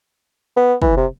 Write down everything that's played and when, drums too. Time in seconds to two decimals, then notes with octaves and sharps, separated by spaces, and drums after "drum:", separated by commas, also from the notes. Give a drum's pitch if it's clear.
0.57 B3
0.82 E3, drum: kick
0.97 C3